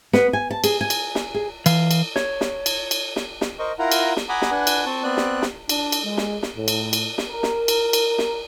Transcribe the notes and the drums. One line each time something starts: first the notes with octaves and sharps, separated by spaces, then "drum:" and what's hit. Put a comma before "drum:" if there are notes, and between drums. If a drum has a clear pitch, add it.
B3, drum: snare
G#5
A5
G#4, drum: cymbal
G#5
drum: cymbal
drum: snare
G#4
E3 F5, drum: cymbal
drum: cymbal
C#5, drum: snare
drum: snare
drum: cymbal
drum: cymbal
drum: snare
drum: snare
A#4 C5 D#5 C#6
E4 F4 A#4 F#5 A#5
drum: cymbal
drum: snare
F#5 G#5 A#5 B5 D6 D#6
drum: snare
D4 B4 F#5 G#5
drum: cymbal
C4 A5 C#6
B3 C4 D5 F#6
drum: snare
drum: snare
D4, drum: cymbal
drum: cymbal
G#3
drum: snare
drum: snare
A2
drum: cymbal
drum: cymbal
drum: snare
A#4
drum: snare
drum: cymbal
drum: cymbal
drum: snare